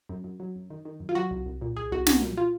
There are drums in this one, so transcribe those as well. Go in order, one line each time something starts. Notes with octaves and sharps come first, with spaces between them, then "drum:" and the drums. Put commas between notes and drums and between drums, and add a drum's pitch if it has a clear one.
F#2
F#2
F#3
F#2
D#3
D#3
F#2
F4
F#3 F#4
C2
C2
A#2
C2 G#4
C2 F#4
C2 F#4, drum: snare
A#2
F4